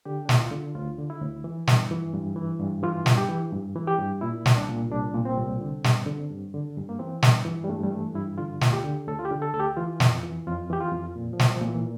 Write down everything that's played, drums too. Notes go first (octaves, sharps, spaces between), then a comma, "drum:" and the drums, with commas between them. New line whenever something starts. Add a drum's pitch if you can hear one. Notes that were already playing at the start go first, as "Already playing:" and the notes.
D3 G4
D4
D2 E4, drum: snare
F4
D3
D2 F4
D3
E4
D2
E3
G2, drum: snare
E3
G2
E3
G2
E3 F4
G2, drum: snare
G4
E3
G2
E3
G4
G2
A#2 E4
C2, drum: snare
D4
A#2
C2 D4
A#2
C4
C2
D3
G2, drum: snare
D3
G2
D3
G2
A#3
E3 C4
G2, drum: snare
E3
G3
G2 A3
G3
E3 A3
G2 E4
D3 F4
D2, drum: snare
F4
G4
D3
D2 A4
F4
G4
D3
A4
D2 A4
G4
E3 F4
F2, drum: snare
E3
F2 F4
E3 G4
F4
F2
A#2
F3
C2, drum: snare
F3
A#2
E3